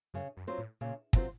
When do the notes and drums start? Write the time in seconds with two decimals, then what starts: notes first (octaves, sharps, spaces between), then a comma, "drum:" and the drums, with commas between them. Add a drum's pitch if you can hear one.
0.14 F#2 C#3
0.37 F#2
0.47 F#3 C4 F4 C5
0.58 A2
0.81 A#2 C#3
1.13 C3 F#3 C4 F4 C5, drum: kick